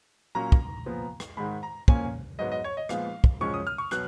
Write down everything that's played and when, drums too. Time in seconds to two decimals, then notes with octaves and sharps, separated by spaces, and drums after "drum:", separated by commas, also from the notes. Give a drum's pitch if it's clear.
0.35 A#2 F#3 A#3 C#4 A#5
0.52 drum: kick
0.86 A#2 F3 B3
1.20 drum: rim click
1.37 G#2 D#3 G#3 B5
1.63 A#5
1.88 A#2 F3 A#3 C#4 G#5, drum: kick
2.39 G#2 F#3 B3 D#5
2.52 D#5
2.64 C#5
2.77 D#5
2.89 A#2 F3 G#3 B3 F5, drum: rim click
3.24 drum: kick
3.41 F#2 F3 G#3 C#4 C#6
3.54 D#6
3.67 F6
3.78 C#6
3.91 B2 F#3 B3 F#6, drum: rim click